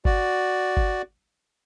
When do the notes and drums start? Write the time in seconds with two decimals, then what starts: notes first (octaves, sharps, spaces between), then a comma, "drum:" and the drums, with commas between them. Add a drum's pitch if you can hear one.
0.05 F#4 D5, drum: kick G1
0.77 drum: kick G1